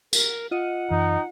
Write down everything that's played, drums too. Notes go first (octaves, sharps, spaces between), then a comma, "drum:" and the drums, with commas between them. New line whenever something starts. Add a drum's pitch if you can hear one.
A#4, drum: tambourine
F4 D#5 F#5
F#2 E3 D#4